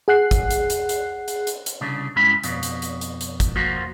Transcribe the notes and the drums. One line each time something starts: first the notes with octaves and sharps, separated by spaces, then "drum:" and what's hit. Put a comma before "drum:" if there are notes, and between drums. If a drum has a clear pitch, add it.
G#4 F#5 F#6 C7
drum: kick, hi-hat
drum: hi-hat
drum: hi-hat
drum: hi-hat
drum: hi-hat
drum: hi-hat
drum: hi-hat
C2 C#3 D4
G2 G#3 C#4 E4 B5
F2 B2, drum: hi-hat
drum: hi-hat
drum: hi-hat
drum: hi-hat
drum: hi-hat
drum: kick, hi-hat
F3 A#3 F4 F#4 C5